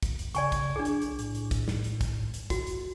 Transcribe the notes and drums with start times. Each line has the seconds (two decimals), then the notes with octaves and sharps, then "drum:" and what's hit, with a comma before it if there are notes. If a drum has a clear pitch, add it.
0.03 drum: kick, hi-hat
0.19 drum: hi-hat
0.35 C#3 D5 G#5 C#6, drum: hi-hat
0.52 drum: kick, hi-hat
0.76 B1 D4 G#4
0.85 drum: hi-hat
1.02 drum: hi-hat
1.19 A2, drum: hi-hat
1.35 drum: hi-hat
1.51 drum: kick, hi-hat
1.68 drum: snare
1.84 drum: hi-hat
2.01 drum: kick, hi-hat
2.34 drum: hi-hat
2.50 F#4, drum: kick, hi-hat
2.67 drum: hi-hat